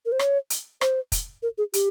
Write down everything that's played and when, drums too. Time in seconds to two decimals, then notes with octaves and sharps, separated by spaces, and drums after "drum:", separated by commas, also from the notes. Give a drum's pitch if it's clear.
0.06 A#4
0.12 C5
0.19 C#5, drum: rim click
0.50 drum: hi-hat
0.81 C5, drum: rim click
1.12 drum: kick, hi-hat
1.43 A#4
1.58 G#4
1.73 G4, drum: hi-hat